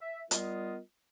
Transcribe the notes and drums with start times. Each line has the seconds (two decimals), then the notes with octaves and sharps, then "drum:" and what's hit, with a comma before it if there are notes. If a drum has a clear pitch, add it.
0.01 E5
0.31 G3 B3 F4 A#4 D#5, drum: hi-hat